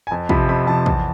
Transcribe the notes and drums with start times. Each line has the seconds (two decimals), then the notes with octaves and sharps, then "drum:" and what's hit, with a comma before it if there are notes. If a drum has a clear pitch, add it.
0.07 G#5
0.11 F2 A5
0.29 C3 F3 B5, drum: kick
0.49 F2 B5
0.67 C3 F3 A5
0.86 E2, drum: kick